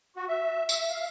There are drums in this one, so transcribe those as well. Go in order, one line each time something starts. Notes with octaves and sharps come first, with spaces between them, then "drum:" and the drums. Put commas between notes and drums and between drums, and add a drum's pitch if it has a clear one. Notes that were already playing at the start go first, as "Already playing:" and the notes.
F#4
E5
E5, drum: tambourine
F5